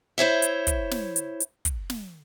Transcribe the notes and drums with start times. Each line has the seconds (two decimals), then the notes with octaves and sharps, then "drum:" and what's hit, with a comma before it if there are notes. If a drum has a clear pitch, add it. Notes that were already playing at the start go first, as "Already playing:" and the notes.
0.18 E4 C5 C#5 E5
0.42 drum: hi-hat
0.67 drum: kick, hi-hat
0.91 drum: snare
1.16 drum: hi-hat
1.40 drum: hi-hat
1.65 drum: kick, hi-hat
1.90 drum: snare